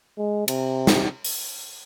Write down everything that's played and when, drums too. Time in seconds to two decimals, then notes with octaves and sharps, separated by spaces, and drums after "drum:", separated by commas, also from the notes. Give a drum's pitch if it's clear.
0.18 G#3
0.48 C3, drum: cymbal
0.87 drum: snare
1.24 drum: open hi-hat